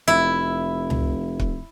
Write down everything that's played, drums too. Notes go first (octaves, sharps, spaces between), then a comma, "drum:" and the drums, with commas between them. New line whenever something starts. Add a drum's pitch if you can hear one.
F1 E4
drum: tom C#2
drum: kick